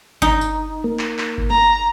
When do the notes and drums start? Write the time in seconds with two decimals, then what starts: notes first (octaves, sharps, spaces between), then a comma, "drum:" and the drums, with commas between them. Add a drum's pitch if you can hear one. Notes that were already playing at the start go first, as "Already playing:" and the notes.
0.22 D#4, drum: kick G1
0.41 drum: tambourine
0.84 A#3
0.99 drum: clap
1.18 drum: clap
1.38 drum: kick G1
1.50 A#5